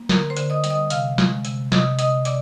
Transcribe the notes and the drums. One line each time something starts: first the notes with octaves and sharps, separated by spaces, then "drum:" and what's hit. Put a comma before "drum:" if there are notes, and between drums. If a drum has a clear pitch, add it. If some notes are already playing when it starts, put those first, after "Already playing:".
Already playing: A#3
D3 A#4 A#5, drum: snare
C5 C6
D3, drum: hi-hat
D#5 D#6
G3, drum: hi-hat
D#5 D#6
C3 F5 F6, drum: hi-hat
G#3, drum: snare
C3, drum: hi-hat
C3 D#5 D#6, drum: snare
C3 D#5 D#6, drum: hi-hat
C3 D5 D6, drum: hi-hat